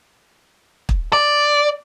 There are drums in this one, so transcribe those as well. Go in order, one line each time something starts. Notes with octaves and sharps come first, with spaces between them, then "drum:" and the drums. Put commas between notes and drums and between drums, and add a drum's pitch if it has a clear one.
drum: kick
D5